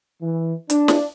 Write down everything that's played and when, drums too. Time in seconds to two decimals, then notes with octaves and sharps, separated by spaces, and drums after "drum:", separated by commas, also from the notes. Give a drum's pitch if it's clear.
0.21 E3
0.70 D4, drum: hi-hat
0.88 drum: snare